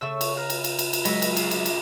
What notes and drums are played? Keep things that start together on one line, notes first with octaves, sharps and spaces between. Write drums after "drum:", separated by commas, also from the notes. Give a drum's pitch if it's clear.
C#3 A3 C#6 E6
drum: cymbal
F5 A#5 F#6
drum: cymbal
drum: cymbal
drum: cymbal
drum: cymbal
F#3 G#3 D#5 E5 B5, drum: cymbal
drum: cymbal
F4 G#4, drum: cymbal
drum: cymbal
drum: cymbal